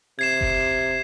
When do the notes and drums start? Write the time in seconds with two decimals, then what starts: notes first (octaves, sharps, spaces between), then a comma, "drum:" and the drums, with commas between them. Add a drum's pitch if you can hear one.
0.19 C3 G#6 C7 E7
0.41 drum: kick F#1